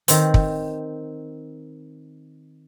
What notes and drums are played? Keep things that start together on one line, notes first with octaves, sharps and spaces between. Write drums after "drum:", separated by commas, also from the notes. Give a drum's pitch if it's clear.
D#3 C4, drum: hi-hat
drum: kick